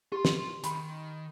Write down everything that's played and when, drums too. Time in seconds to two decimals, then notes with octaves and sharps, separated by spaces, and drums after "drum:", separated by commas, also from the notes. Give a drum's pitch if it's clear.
0.12 F4 G4 C6
0.25 drum: snare
0.64 D#3 B5 C6, drum: hi-hat